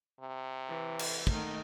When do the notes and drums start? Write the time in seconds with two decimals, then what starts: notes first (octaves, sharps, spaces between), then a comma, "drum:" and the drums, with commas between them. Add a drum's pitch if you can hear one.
0.20 C3
0.68 E3
0.99 drum: cymbal
1.27 D#3 A3, drum: kick